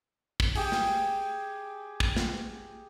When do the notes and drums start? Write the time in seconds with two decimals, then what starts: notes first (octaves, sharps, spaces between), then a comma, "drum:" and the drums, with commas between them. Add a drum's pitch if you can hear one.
0.40 drum: kick
0.55 G4 G#4, drum: open hi-hat
0.72 drum: snare
2.00 drum: kick
2.16 drum: snare